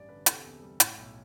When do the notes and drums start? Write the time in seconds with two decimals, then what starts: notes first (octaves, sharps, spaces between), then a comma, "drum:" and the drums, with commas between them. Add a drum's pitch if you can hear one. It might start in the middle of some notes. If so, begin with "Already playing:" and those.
Already playing: A1 G2 D5
0.09 D3 B4
0.26 C3 A4, drum: hi-hat
0.45 E2
0.62 G3
0.80 A2, drum: hi-hat
0.97 B1